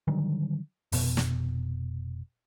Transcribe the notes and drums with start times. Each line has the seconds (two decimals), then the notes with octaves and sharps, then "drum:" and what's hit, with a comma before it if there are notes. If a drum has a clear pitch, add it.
0.08 D3 D#3 F#3 G3
0.92 F1 B2, drum: open hi-hat
1.17 drum: snare